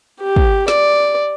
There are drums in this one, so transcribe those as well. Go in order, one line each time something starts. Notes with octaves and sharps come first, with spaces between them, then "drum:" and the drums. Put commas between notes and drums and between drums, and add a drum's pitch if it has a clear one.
G4
drum: kick
D5, drum: snare